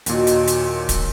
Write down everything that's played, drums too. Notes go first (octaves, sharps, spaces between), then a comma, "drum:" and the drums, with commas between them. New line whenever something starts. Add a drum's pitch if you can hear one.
D#2 A#2 D#3 F#3 A#3, drum: hi-hat
drum: hi-hat
drum: hi-hat
drum: kick, hi-hat